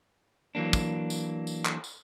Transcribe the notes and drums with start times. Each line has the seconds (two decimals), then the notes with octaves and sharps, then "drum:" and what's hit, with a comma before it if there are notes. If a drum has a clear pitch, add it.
0.55 E3 F#3 A#3 D4
0.73 drum: kick, tambourine
1.10 drum: tambourine
1.47 drum: tambourine
1.65 drum: clap
1.84 drum: tambourine